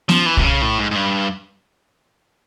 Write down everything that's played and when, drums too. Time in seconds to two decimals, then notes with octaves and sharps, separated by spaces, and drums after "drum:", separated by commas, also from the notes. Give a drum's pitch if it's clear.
0.09 F3, drum: snare B3
0.26 E3
0.37 C3, drum: kick
0.44 C#3
0.62 A2
0.79 G#2
0.91 G#2
0.96 G2